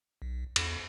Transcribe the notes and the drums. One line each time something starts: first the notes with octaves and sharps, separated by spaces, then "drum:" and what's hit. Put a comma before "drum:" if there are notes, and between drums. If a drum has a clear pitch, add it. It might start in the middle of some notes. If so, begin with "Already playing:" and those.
B1
E2, drum: cymbal